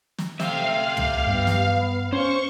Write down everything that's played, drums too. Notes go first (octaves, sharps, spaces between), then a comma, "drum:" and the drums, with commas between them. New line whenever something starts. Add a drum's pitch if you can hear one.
drum: snare
A3 G4 E5 F5, drum: snare
drum: tom
G2 B3
drum: snare
C#4 C5 C#6